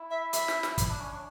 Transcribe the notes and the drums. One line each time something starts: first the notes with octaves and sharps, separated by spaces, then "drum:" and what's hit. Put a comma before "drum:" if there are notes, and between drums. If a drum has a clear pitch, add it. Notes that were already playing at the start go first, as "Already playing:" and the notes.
Already playing: E4
E5
E5, drum: hi-hat
drum: snare
drum: snare
E4, drum: kick, hi-hat
D4
C#4
D4